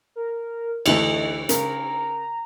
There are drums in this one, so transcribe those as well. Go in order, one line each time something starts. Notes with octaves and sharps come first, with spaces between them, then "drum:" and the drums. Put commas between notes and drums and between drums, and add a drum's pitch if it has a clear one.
A#4
D2 E3 A3 D#5, drum: cymbal
C#3 A#4 A#5, drum: hi-hat